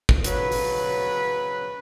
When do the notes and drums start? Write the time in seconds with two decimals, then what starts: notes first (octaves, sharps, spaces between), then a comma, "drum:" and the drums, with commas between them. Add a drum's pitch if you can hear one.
0.09 drum: kick
0.24 C#3 F#3 B4, drum: hi-hat
0.52 drum: open hi-hat